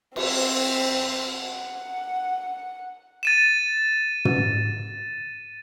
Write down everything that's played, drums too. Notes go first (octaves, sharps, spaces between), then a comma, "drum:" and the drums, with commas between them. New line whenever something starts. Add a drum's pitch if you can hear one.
C4, drum: cymbal
F#5
A6 D#7 E7
drum: tom